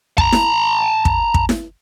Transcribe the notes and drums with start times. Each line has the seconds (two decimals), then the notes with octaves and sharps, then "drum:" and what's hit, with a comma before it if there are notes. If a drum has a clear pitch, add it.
0.18 A5 A#5, drum: kick
0.32 drum: snare E4
1.05 drum: kick
1.34 drum: kick
1.49 drum: snare E4